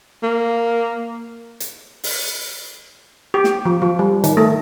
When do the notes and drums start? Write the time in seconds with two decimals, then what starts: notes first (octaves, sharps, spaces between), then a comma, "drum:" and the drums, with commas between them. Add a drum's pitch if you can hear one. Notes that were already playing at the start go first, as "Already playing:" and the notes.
0.23 A#3
1.60 drum: hi-hat
2.04 drum: open hi-hat
3.34 G4
3.44 drum: snare
3.65 F3
3.82 F3
3.99 G3
4.24 D#3, drum: hi-hat
4.37 A3